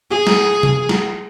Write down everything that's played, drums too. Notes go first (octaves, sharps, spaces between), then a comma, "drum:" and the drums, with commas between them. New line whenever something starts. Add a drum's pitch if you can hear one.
G#4
drum: snare
drum: tom C3
drum: snare